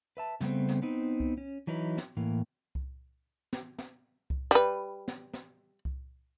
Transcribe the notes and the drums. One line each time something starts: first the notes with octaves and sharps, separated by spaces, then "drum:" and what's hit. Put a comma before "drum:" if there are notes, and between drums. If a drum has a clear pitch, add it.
B4 E5 A5
C#3 G3 A3 B3 C4, drum: snare
drum: snare
B3 C4 D#4
drum: kick C2
C#4
E3 F#3 D#4 E4 B4
drum: snare
A2 E3 A#3
drum: kick C2
drum: snare
drum: snare
drum: kick C2
G3 B4
drum: snare
drum: snare
drum: kick C2